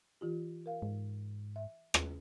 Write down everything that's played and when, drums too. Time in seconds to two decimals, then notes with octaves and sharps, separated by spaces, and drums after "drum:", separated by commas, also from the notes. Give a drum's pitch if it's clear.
0.21 E3 F4 G4
0.66 A#4 F5
0.82 G#2
1.56 E5
1.94 drum: rim click